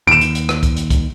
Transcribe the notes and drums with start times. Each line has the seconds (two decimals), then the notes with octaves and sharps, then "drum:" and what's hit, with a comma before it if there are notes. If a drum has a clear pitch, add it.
0.07 D#2 D7 E7
0.21 drum: hi-hat
0.35 drum: hi-hat
0.49 drum: rim click
0.63 drum: kick, hi-hat
0.77 drum: hi-hat
0.90 drum: kick, hi-hat